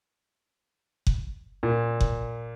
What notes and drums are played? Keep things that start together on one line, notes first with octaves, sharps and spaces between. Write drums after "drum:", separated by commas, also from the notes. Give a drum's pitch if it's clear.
drum: kick F#1
A#2
drum: kick F#1